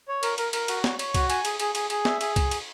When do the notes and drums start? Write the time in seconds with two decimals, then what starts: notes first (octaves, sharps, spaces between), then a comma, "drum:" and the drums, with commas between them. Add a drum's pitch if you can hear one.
0.08 C#5
0.23 A#4, drum: cymbal
0.38 A#4, drum: cymbal
0.53 A#4, drum: cymbal
0.68 F#4, drum: cymbal
0.84 C#5, drum: snare
0.99 C#5, drum: cymbal
1.14 F#4, drum: kick C2, cymbal
1.30 G#5, drum: cymbal
1.45 G#4, drum: cymbal
1.60 G#4, drum: cymbal
1.75 G#4, drum: cymbal
1.90 G#4, drum: cymbal
2.05 E5, drum: snare
2.21 G#4, drum: cymbal
2.36 drum: kick C2, cymbal
2.51 drum: cymbal